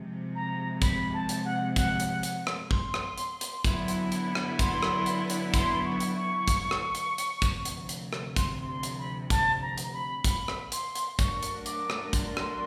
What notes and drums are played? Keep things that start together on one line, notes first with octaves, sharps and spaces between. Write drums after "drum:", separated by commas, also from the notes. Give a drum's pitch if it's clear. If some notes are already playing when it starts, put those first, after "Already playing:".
Already playing: C3 F3 G#3
A#5
B5, drum: kick, hi-hat
A5
drum: hi-hat
F#5
F#5, drum: kick, hi-hat
drum: hi-hat
drum: hi-hat
drum: rim click
C6, drum: kick
drum: rim click
drum: hi-hat
drum: hi-hat
D3 F#3 B3 E4, drum: kick, hi-hat
drum: hi-hat
drum: hi-hat
drum: rim click
C6, drum: kick, hi-hat
drum: rim click
drum: hi-hat
drum: hi-hat
C6, drum: kick, hi-hat
C#6
drum: hi-hat
C#6
drum: kick, hi-hat
drum: rim click
drum: hi-hat
drum: hi-hat
D2 C3 F3, drum: kick, hi-hat
drum: hi-hat
drum: hi-hat
drum: rim click
C6, drum: kick, hi-hat
C6
drum: hi-hat
B5
A5, drum: kick, hi-hat
A#5
drum: hi-hat
B5
B5, drum: kick, hi-hat
drum: rim click
C6, drum: hi-hat
drum: hi-hat
F#3 A3 D4 F#4 A#4 C#6, drum: kick, hi-hat
drum: hi-hat
D6, drum: hi-hat
drum: rim click
C6, drum: kick, hi-hat
drum: rim click